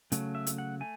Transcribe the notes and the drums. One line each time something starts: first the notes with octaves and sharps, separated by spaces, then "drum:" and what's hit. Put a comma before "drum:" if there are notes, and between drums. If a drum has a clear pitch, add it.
C#3 F#3 A3, drum: hi-hat
E5
drum: hi-hat
F#5
A3 G#5